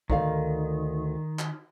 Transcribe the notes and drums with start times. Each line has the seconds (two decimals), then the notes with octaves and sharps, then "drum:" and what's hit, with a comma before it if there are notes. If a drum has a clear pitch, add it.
0.10 D2 D#3 D5 F5, drum: kick
1.39 drum: clap